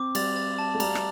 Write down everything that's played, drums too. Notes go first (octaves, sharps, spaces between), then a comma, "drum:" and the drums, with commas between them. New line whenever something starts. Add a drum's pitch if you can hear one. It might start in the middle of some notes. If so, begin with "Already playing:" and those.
Already playing: C4 D6
G3 A6, drum: cymbal
A6
A5
A3
G3 A#5, drum: cymbal
drum: rim click